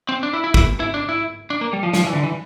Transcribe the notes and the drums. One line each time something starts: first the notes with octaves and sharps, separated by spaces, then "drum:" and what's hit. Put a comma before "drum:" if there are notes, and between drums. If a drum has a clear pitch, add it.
C4
D4
E4
E4
E4, drum: kick
E4
D4
E4
D4
A#3
G3
F3
F3, drum: snare
E3
D3
E3